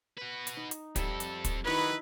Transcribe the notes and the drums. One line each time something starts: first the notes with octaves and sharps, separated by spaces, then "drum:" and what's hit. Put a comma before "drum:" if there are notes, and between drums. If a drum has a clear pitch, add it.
F#4 B4
drum: hi-hat
D#4
drum: hi-hat
F2 G3 A4 E5, drum: kick, hi-hat
drum: hi-hat
drum: kick, hi-hat
D#3 F#3 D#4 E4 B4 D#5